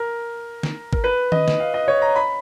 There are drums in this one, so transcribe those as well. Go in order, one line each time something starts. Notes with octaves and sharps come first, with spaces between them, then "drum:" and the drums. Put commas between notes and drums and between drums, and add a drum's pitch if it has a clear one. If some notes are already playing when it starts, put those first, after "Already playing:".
Already playing: A#4
drum: snare
A#4, drum: kick
B4
D#5, drum: tom D#3
drum: snare
F5
D#5
C#5
A#5
B5